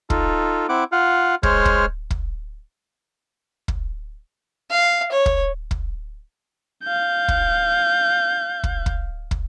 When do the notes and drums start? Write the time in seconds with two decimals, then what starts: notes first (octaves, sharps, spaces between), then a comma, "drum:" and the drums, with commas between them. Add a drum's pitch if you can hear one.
0.10 D#4 F4 A4, drum: kick
0.69 C4 E4 F#5 D6
0.92 F4 F5 F#5
1.43 G#3 C5 C#5 F6, drum: kick
1.65 drum: kick
2.10 drum: kick
3.68 drum: kick
4.71 F5
5.12 C#5
5.26 drum: kick
5.71 drum: kick
6.83 F5 G6
7.28 drum: kick
8.63 drum: kick
8.86 drum: kick
9.31 drum: kick